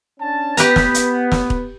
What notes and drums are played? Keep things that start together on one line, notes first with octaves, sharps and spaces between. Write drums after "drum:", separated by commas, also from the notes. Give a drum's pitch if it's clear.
C#4 D4 A5
B3 G4 B4 A#5, drum: hi-hat
drum: snare
drum: hi-hat
drum: snare
drum: kick